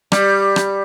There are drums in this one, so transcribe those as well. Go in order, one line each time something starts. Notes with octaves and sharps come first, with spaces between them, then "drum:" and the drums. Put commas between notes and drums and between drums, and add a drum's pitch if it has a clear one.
G3, drum: rim click
drum: rim click